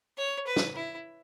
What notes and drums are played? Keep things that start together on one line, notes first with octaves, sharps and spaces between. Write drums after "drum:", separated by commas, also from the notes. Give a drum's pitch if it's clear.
C#5
B4
drum: snare
E4